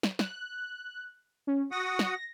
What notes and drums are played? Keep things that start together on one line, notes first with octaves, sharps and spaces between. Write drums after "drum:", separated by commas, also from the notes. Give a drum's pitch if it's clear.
drum: snare
F#6, drum: snare
C#4
F#4 F#5 D#6 A#6
drum: snare